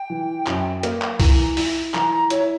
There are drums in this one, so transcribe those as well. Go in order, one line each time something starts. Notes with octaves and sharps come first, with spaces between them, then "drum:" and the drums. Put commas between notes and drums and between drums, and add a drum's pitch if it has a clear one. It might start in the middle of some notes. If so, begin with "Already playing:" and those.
Already playing: G5
E3
F#2, drum: clap
A#3, drum: hi-hat
drum: clap
E3 A#5, drum: kick C2, open hi-hat
E4, drum: open hi-hat
E3 A#5, drum: clap
A#5
E4 C#5, drum: hi-hat